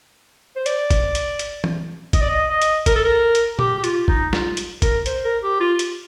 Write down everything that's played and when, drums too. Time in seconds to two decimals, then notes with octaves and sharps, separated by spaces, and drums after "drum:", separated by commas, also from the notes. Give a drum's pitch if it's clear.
0.56 C5
0.66 D5, drum: hi-hat
0.91 drum: kick G1, hi-hat
1.15 drum: hi-hat
1.39 drum: hi-hat
1.64 drum: tom E3
2.13 D#5, drum: kick G1, hi-hat
2.21 D5
2.29 D#5
2.50 D#5
2.62 drum: hi-hat
2.86 A#4, drum: kick G1, hi-hat
2.96 A4
3.05 A#4
3.35 drum: hi-hat
3.59 G4, drum: tom A#2
3.78 G4
3.84 F4, drum: hi-hat
4.08 D#4, drum: kick G1
4.33 F4, drum: snare
4.57 drum: hi-hat
4.82 A#4, drum: kick G1, hi-hat
5.06 C5, drum: hi-hat
5.24 A#4
5.43 G4
5.60 F4
5.79 drum: hi-hat